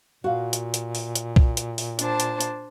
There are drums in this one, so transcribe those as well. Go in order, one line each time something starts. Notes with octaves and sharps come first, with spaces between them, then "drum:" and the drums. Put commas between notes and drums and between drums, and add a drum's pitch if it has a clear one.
A#2 F#4 F5
drum: hi-hat
drum: hi-hat
drum: open hi-hat
drum: hi-hat
drum: kick B1
drum: hi-hat
drum: open hi-hat
D4 C5 A5, drum: hi-hat
drum: hi-hat
drum: hi-hat